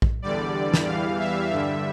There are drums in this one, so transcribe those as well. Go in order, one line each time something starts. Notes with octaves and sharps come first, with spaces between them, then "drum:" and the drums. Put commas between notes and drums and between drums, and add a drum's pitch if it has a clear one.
drum: kick A#1
E2 D3 G3 D5
drum: snare
E2 E3 G3 F5
E5
G2 D3 G3 E5